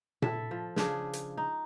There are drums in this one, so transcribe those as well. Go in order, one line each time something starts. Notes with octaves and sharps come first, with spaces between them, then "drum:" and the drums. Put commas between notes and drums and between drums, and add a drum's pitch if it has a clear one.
E4 A4 E5, drum: tom A#2
F3
C#3 D4 G#4, drum: snare
drum: hi-hat
D#4